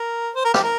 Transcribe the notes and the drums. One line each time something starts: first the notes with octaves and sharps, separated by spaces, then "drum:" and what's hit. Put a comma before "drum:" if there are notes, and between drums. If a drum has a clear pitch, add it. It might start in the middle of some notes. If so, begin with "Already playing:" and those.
Already playing: A#4
C5
A#4
G4, drum: rim click
A#4